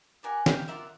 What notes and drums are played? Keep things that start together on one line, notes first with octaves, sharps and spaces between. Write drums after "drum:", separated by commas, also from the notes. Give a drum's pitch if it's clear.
G4 A#4 D5 F#5 G#5
F5 G5, drum: snare
F4 A#4 D5 E5 F#5